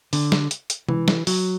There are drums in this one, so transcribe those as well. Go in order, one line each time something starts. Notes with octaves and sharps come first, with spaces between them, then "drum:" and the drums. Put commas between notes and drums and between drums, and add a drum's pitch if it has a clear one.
D3, drum: open hi-hat
drum: snare
drum: hi-hat
drum: hi-hat
E3, drum: tom
drum: snare
F#3, drum: open hi-hat